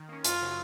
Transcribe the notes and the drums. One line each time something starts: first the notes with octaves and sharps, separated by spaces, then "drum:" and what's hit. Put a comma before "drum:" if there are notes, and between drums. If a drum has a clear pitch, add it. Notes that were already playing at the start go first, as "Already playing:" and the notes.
Already playing: D#3
A#3 C#4
F#2 F4, drum: hi-hat
C#3 F#3